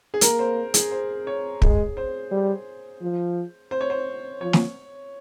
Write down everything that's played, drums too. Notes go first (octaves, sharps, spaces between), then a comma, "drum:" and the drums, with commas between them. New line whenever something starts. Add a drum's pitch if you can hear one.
G#4
A#3 A#4, drum: hi-hat
C5
G#4, drum: hi-hat
C5
C#5
G#3 G#4, drum: kick
C5
G3
F3
C5
C#5
C5
F3 C#5
drum: snare